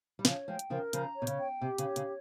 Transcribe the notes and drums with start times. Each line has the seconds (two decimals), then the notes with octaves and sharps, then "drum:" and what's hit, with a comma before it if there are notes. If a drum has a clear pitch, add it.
0.19 G3
0.25 C#3 F3 C#5, drum: snare
0.48 F3 G#3 G5
0.59 drum: hi-hat
0.70 C#3 F3 A#4
0.93 C#3 F3 A#5, drum: hi-hat
1.16 C#5
1.22 C3
1.27 C#3, drum: hi-hat
1.39 G5
1.61 C3 G4
1.78 C#3, drum: hi-hat
1.85 C#5
1.96 C#3, drum: hi-hat